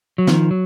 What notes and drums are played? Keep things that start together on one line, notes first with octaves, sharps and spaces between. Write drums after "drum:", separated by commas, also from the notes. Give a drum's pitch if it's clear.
F#3
D#3 F3, drum: snare
F#3